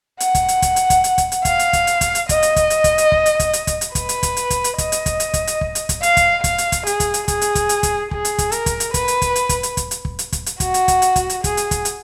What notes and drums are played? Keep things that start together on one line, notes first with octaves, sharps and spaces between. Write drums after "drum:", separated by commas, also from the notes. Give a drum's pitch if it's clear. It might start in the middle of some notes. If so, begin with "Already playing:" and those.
F#5, drum: hi-hat
drum: kick, hi-hat
drum: hi-hat
drum: kick, hi-hat
drum: hi-hat
drum: kick, hi-hat
drum: hi-hat
drum: kick, hi-hat
drum: hi-hat
F5, drum: kick, hi-hat
drum: hi-hat
drum: kick, hi-hat
drum: hi-hat
drum: kick, hi-hat
drum: hi-hat
D#5, drum: kick, hi-hat
drum: hi-hat
drum: kick, hi-hat
drum: hi-hat
drum: kick, hi-hat
drum: hi-hat
drum: kick
drum: hi-hat
drum: kick, hi-hat
drum: hi-hat
drum: kick, hi-hat
drum: hi-hat
B4, drum: kick, hi-hat
drum: hi-hat
drum: kick, hi-hat
drum: hi-hat
drum: kick, hi-hat
drum: hi-hat
D#5, drum: kick, hi-hat
drum: hi-hat
drum: kick, hi-hat
drum: hi-hat
drum: kick, hi-hat
drum: hi-hat
drum: kick
drum: hi-hat
drum: kick, hi-hat
F5, drum: hi-hat
drum: kick, hi-hat
F5, drum: kick, hi-hat
drum: hi-hat
drum: kick, hi-hat
G#4, drum: hi-hat
drum: kick, hi-hat
drum: hi-hat
G#4, drum: kick, hi-hat
drum: hi-hat
drum: kick, hi-hat
drum: hi-hat
drum: kick, hi-hat
G#4, drum: kick
drum: hi-hat
drum: kick, hi-hat
A#4, drum: hi-hat
drum: kick, hi-hat
drum: hi-hat
B4, drum: kick, hi-hat
drum: hi-hat
drum: kick, hi-hat
drum: hi-hat
drum: kick, hi-hat
drum: hi-hat
drum: kick, hi-hat
drum: hi-hat
drum: kick
drum: hi-hat
drum: kick, hi-hat
drum: hi-hat
F#4, drum: kick, hi-hat
drum: hi-hat
drum: kick, hi-hat
drum: hi-hat
drum: kick, hi-hat
drum: hi-hat
G#4, drum: kick, hi-hat
drum: hi-hat
drum: kick, hi-hat
drum: hi-hat